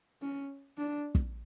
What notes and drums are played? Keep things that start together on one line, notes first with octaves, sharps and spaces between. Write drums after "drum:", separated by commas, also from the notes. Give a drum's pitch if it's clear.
C#4
D4
drum: kick